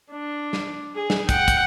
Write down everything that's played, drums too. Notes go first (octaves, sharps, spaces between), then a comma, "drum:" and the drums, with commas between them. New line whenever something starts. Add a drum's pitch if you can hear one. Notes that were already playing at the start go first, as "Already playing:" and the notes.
D4
drum: snare
G#4
drum: snare
F#5 G5, drum: kick, hi-hat
drum: kick, hi-hat